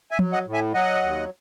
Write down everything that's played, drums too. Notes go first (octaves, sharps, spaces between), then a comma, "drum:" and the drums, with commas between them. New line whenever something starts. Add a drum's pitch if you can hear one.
E5 G#5
F#3, drum: tom F3
D#5 F#5
A2
E5 G#5
F#3 D#5 F#5
D#2